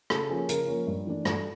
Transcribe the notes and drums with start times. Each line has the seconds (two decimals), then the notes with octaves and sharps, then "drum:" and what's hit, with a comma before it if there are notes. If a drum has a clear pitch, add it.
0.10 C#3 A4, drum: rim click
0.29 F3 A#3 C#4 G#4
0.49 C#3 A#4, drum: hi-hat
0.68 F3 A#3 C#4
0.87 G2
1.07 E3 A3 D4
1.25 G2 A4, drum: rim click